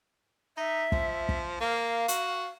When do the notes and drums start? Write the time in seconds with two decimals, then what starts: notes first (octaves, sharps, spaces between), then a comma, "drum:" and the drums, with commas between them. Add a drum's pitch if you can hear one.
0.57 D#4 E5
0.92 F3, drum: kick
1.29 drum: kick
1.60 A#3 F5
2.08 F#4, drum: hi-hat